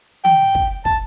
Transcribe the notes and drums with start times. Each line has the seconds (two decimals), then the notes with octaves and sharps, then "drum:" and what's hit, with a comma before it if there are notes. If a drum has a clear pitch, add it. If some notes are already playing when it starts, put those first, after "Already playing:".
0.25 G5, drum: tom D#3
0.55 drum: kick
0.85 A5, drum: kick